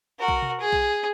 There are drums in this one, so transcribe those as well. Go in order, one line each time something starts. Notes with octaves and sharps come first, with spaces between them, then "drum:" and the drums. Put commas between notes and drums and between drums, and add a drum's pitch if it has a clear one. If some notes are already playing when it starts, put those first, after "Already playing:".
F#4 A#4
drum: kick B1
drum: tom B2
G#4
drum: kick B1